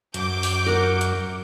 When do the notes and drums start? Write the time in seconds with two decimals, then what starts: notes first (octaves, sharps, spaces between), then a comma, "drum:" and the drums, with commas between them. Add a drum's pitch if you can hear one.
0.14 F#2 D6 G6, drum: hi-hat
0.43 drum: open hi-hat
0.67 A#4 F#5
1.01 drum: hi-hat